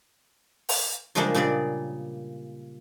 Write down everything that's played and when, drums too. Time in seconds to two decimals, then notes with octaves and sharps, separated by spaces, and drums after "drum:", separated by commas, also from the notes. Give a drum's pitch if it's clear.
0.69 drum: open hi-hat
1.15 C#3 F3 G3 G#3 A#3 D4
1.34 A#2 C#3 G3 G#4 D5